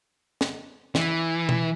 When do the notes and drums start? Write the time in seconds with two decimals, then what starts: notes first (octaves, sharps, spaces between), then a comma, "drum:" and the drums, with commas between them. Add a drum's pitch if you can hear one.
0.41 drum: snare
0.95 E3, drum: snare
1.49 drum: tom